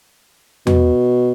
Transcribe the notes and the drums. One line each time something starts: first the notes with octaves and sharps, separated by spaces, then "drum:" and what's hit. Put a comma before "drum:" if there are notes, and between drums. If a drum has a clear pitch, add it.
B2, drum: tom E2